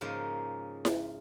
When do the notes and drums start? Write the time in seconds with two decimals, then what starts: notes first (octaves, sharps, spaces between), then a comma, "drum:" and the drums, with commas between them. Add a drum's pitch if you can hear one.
0.01 G#2 C#3 F3 G#3 A#3 D#4
0.85 drum: snare E4